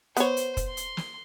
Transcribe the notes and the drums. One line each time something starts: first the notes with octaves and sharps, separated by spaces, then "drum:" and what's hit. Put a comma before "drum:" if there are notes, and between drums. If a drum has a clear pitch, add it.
B3 C5 C#5, drum: hi-hat
drum: hi-hat
drum: kick, hi-hat
C6
drum: hi-hat
drum: snare